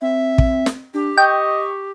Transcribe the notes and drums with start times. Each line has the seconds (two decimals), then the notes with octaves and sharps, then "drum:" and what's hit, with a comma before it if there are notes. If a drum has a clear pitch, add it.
0.02 C4 E5
0.38 drum: kick
0.66 drum: snare
0.94 D4 G4
1.18 D#5 G5 C#6